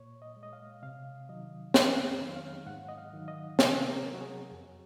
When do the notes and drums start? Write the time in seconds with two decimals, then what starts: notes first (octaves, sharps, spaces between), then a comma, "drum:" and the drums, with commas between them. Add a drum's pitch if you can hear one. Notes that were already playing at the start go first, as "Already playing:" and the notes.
Already playing: A#2 C#5
0.22 D#5
0.37 G#3
0.43 D#5
0.53 F5
0.83 C3 F5
1.29 D#3 F#3 D#5
1.74 F2 C#5, drum: snare
2.06 F5
2.21 D#3 F#3
2.36 F5
2.66 G#2 F#5
2.88 D#5
2.98 F5
3.13 D#3 F#3
3.28 D#5
3.59 C3 C#5, drum: snare
3.90 A#4
4.04 F#3
4.13 F#4
4.21 G#4
4.51 F2